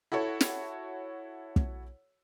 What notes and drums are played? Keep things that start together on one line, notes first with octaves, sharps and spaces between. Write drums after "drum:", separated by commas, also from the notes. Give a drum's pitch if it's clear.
E4 F#4 A4 C#5
drum: snare
drum: kick